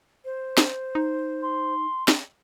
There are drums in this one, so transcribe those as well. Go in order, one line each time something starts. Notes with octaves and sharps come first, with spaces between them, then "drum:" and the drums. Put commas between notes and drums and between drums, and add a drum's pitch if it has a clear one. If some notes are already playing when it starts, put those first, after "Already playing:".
C5
drum: snare
D#4
C6
drum: snare